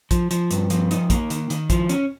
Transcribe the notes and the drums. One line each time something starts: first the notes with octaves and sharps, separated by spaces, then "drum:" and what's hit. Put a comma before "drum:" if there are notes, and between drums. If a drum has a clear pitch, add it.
F3, drum: kick A#1, hi-hat
F3, drum: hi-hat
G2, drum: hi-hat
F3, drum: hi-hat
D#4, drum: hi-hat
A#3, drum: kick A#1, hi-hat
D#3, drum: hi-hat
D#3, drum: hi-hat
F3, drum: kick A#1, hi-hat
C#4, drum: hi-hat